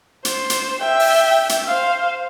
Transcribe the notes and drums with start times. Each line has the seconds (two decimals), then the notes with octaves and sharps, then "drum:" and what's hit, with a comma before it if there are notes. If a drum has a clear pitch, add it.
0.25 C5, drum: hi-hat
0.50 drum: hi-hat
0.80 E5 G5
1.00 drum: open hi-hat
1.49 drum: hi-hat
1.66 C5 F5